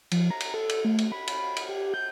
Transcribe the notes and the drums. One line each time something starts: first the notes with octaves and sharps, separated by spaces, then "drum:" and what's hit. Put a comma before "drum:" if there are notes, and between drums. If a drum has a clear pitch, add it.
F3, drum: cymbal
A#5
drum: cymbal
A4
drum: cymbal
A3
drum: cymbal
B5
drum: cymbal
drum: cymbal
G4
G6